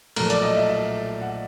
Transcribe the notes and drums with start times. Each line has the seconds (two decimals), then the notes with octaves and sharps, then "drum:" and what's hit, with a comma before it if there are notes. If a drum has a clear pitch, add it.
0.16 B1 A#2 F3 A3 A#4, drum: cymbal
0.30 D5, drum: hi-hat
0.42 D#5
0.56 E5
0.69 E5
1.21 F#5